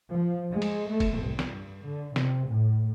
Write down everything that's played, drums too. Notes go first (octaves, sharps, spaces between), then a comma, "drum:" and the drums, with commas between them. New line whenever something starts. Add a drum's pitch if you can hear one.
F3
G#3
drum: cymbal
A3
drum: kick E1, cymbal
C2
drum: snare
G2
D3
C3, drum: snare
A2